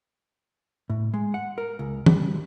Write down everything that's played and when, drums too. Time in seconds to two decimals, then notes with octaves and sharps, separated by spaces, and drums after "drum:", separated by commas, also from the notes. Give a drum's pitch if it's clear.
0.90 A2
1.14 G#3
1.34 F#5
1.58 A#4
1.79 C#2
2.06 G3, drum: tom